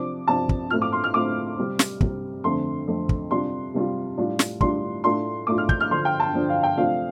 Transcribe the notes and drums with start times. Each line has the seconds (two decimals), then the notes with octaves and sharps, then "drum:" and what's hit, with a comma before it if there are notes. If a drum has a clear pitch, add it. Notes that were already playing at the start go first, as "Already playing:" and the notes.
Already playing: C3 F3 D4 D6
0.28 C3 F3 D4 A5
0.49 drum: kick
0.70 A2 A3 C4 F4 F6
0.82 D6
0.93 C6
1.04 F6
1.14 A2 A3 C4 F4 D6
1.57 C3 G3 C4
1.79 drum: snare
2.01 C3 G3 C4, drum: kick
2.44 F2 D3 A3 C4 C6
2.87 F2 D3 A3 C4
3.09 drum: kick
3.31 C3 G3 D4 F4 C6
3.74 C3 G3 D4 F4
4.17 A2 G3 D4 F4
4.39 drum: snare
4.61 A2 G3 D4 F4 C6, drum: kick
5.04 A2 A3 D4 F4 C6
5.47 A2 A3 D4 F4 D6
5.58 F6
5.69 G6, drum: kick
5.80 F6
5.91 D3 F3 D4 C6
6.05 G5
6.20 A5
6.34 D3 F3 D4
6.49 F5
6.63 G5
6.77 C3 F3 A3 D4 F4 F5